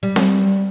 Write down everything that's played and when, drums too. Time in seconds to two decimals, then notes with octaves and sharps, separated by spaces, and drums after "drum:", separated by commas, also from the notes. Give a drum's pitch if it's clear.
0.03 G3
0.16 drum: snare C4